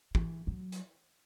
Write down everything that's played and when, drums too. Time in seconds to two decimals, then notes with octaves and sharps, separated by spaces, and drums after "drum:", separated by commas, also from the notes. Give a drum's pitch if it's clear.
0.15 E3, drum: kick
0.47 F#3
0.72 drum: hi-hat